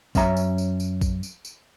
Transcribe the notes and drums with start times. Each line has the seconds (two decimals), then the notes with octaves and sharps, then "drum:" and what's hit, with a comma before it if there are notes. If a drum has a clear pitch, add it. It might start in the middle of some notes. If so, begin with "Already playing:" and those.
0.15 F#2 C#4 E5 A#5, drum: kick A#1, tambourine
0.37 drum: tambourine
0.58 drum: tambourine
0.80 drum: tambourine
1.01 drum: kick A#1, tambourine
1.23 drum: tambourine
1.45 drum: tambourine